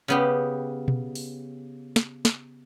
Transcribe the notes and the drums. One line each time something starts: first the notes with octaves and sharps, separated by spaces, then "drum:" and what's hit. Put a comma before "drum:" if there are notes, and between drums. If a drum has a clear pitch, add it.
C#3 B3 G4
drum: tom B2
drum: open hi-hat
drum: snare
drum: snare